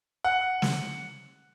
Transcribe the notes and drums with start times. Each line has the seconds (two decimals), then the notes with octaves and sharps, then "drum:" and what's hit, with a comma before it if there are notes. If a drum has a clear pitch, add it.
0.24 F#5
0.62 drum: snare